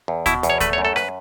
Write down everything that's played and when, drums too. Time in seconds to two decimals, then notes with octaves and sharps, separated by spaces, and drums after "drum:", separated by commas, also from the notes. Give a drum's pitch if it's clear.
0.08 E2
0.26 B2 E4, drum: kick D2, hi-hat
0.43 E2, drum: hi-hat
0.50 C#5
0.61 A3 B4, drum: kick D2, hi-hat
0.73 C#5
0.78 F#2
0.85 A4
0.96 B4, drum: rim click